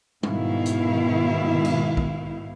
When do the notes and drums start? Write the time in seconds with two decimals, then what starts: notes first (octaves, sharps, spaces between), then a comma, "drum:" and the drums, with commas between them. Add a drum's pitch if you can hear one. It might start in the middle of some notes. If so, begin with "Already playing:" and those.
0.23 G#2 B2 D#3 E4 F5, drum: tom G3
0.66 drum: hi-hat
1.65 drum: cymbal
1.97 drum: kick